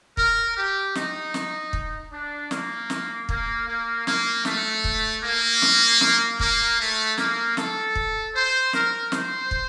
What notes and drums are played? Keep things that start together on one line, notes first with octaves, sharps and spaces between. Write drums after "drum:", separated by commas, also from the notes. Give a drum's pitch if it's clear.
A#4, drum: kick
G4
D#4, drum: snare
drum: snare
drum: kick
D4
A#3, drum: snare
drum: snare
A#3, drum: kick
A#3
A#3, drum: snare
A3, drum: snare
drum: kick
A#3
drum: snare
drum: snare
A#3, drum: kick
A3
A#3, drum: snare
A4, drum: snare
drum: kick
C5
A#4, drum: snare
C5, drum: snare
drum: kick